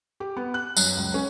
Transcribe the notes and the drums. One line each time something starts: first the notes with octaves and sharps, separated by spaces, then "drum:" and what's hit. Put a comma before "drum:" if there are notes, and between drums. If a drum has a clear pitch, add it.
G4
B3
F#6
F#2, drum: tambourine
C#2
C#4